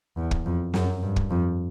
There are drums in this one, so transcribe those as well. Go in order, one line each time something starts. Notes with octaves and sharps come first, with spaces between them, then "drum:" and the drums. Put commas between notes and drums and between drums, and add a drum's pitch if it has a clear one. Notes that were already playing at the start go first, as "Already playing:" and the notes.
E2
drum: kick
F2
F#2, drum: snare
G2
drum: kick
F2